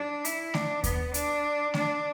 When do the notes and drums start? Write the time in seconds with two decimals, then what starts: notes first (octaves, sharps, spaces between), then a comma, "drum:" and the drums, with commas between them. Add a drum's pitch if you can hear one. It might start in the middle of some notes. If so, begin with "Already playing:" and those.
Already playing: D4
0.25 E4, drum: hi-hat
0.54 D4, drum: snare A3
0.84 B3, drum: kick D#2, hi-hat
1.14 D4, drum: hi-hat
1.74 D4, drum: snare A3